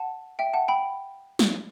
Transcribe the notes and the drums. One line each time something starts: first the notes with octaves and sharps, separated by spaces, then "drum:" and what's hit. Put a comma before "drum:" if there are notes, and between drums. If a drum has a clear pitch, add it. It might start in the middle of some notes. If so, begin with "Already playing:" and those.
Already playing: F#5 A5
E5 G5
F#5 A5
G5 B5
drum: snare